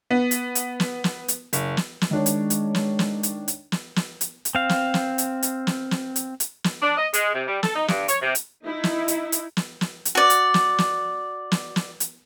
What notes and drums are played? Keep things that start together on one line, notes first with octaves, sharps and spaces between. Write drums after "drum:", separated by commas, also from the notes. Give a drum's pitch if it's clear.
B3
drum: hi-hat
drum: hi-hat
drum: snare
drum: snare
drum: hi-hat
F#1, drum: hi-hat
drum: snare
drum: snare
D#3 G#3 D4 C#5
drum: hi-hat
drum: hi-hat
drum: snare
drum: snare
drum: hi-hat
drum: hi-hat
drum: snare
drum: snare
drum: hi-hat
drum: hi-hat
C4 F5
drum: snare
drum: snare
drum: hi-hat
drum: hi-hat
drum: snare
drum: snare
drum: hi-hat
drum: hi-hat
drum: snare
D4
D#5
G#3, drum: hi-hat
C3
G3
A4, drum: snare
D#4
G2, drum: snare
C#5, drum: hi-hat
C3
drum: hi-hat
D#4 E4
drum: snare
drum: hi-hat
drum: hi-hat
drum: snare
drum: snare
drum: hi-hat
F#4 D5
drum: hi-hat
drum: snare
drum: snare
drum: snare
drum: snare
drum: hi-hat